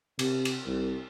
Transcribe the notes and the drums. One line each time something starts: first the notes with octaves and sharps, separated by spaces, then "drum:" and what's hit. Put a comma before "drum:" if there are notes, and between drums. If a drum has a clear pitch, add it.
C3, drum: cymbal
drum: cymbal
C2